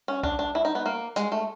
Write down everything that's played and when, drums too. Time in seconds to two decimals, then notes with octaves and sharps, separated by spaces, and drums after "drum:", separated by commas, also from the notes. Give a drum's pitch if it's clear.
0.08 C#4
0.23 D4, drum: kick B1
0.39 D4
0.55 E4
0.65 D#4
0.75 B3
0.86 A#3
1.16 G#3, drum: snare
1.32 A3